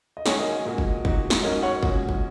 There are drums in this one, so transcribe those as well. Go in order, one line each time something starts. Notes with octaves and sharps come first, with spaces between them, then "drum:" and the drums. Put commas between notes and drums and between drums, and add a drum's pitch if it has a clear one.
D#5
D#3 F#3 C#4 F#4 G#4 C#5, drum: snare
A#4 D#5
D#5 G#5
A#2 G#3 F#4 A#4 D#5
drum: kick
A#2 F#3 D#4 F#4, drum: kick
drum: snare
G#2 F#3 C#4 G#4 A#4 D#5
C#5 F#5
A#2 G#3 C#4 F#4, drum: kick
drum: kick